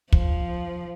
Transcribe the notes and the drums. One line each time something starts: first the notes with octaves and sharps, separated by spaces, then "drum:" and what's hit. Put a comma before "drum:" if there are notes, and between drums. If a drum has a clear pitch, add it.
F3, drum: kick